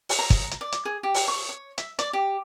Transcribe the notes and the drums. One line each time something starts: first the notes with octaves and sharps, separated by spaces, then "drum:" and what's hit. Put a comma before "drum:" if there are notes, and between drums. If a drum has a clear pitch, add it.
drum: open hi-hat
A#5
drum: kick, hi-hat
drum: hi-hat
D5
drum: hi-hat
G#4
G4
drum: open hi-hat
C#6
C#5
E5, drum: hi-hat
D5, drum: hi-hat
G4